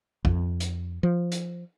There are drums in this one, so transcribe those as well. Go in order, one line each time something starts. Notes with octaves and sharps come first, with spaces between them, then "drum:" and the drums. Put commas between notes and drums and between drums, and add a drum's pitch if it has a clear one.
F2, drum: kick
drum: hi-hat
F3
drum: hi-hat